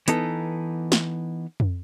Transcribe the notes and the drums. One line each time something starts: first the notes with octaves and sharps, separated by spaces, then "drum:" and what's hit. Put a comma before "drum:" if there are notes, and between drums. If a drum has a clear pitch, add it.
E3 B3 D#4 A4, drum: hi-hat
drum: snare
drum: tom F2